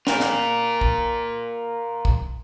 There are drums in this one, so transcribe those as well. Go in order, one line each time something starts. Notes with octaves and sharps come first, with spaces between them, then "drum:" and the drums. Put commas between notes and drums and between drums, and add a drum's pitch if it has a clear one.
F4 A#4, drum: snare
drum: snare
drum: kick
drum: kick